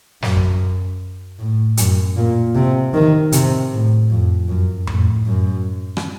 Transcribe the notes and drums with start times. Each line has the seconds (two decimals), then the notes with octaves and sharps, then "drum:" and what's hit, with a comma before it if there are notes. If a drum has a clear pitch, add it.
0.22 F#2, drum: snare
0.37 drum: kick
1.38 A2
1.77 F#2, drum: hi-hat
2.16 A#2
2.55 C3
2.94 D#3
3.32 C3, drum: hi-hat
3.72 A2
4.10 F2
4.48 F#2
4.87 A2, drum: tom F2
5.26 F#2
5.97 drum: rim click